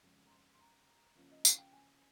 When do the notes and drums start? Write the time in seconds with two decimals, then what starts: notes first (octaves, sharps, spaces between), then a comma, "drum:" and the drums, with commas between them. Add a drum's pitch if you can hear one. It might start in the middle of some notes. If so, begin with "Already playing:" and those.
0.02 F2 C#3 G#3 C#4
0.25 A#5
0.31 C6
0.54 C6
0.59 A#5
1.15 C#3 F3 A#3 C#4
1.32 D#5
1.45 F5, drum: tambourine
1.58 G5
1.73 G#5